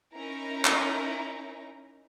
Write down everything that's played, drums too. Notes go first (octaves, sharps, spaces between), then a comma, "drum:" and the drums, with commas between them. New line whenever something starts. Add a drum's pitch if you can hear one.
C#4 D#4 E4 A#4 A#5
drum: clap